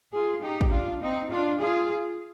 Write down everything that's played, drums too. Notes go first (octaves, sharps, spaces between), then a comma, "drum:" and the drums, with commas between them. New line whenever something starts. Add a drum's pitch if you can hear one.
F4 G#4
D#4 G4
drum: kick
D4 F4
C4 D#4
D4 F4
F4 G#4